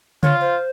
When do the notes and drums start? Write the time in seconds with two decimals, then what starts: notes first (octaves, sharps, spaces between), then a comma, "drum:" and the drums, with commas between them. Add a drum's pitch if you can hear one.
0.23 F4 C#5, drum: tom C#3
0.41 C5